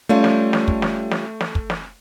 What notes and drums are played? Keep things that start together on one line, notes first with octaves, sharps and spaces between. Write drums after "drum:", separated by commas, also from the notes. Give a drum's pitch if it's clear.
G3 A3 C#4 F4
drum: snare
drum: snare
drum: kick
drum: snare
drum: snare
drum: snare
drum: kick
drum: snare